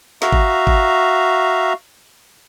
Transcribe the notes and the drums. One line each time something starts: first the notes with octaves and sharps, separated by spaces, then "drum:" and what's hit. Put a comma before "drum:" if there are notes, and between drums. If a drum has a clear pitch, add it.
F#4 E5 F5 A#5, drum: snare
drum: kick G#1
drum: kick G#1